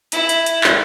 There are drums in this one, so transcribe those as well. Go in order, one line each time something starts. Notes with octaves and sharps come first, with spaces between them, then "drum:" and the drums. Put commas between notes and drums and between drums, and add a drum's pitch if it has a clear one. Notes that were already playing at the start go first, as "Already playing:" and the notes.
E4, drum: hi-hat
drum: hi-hat
drum: hi-hat
drum: clap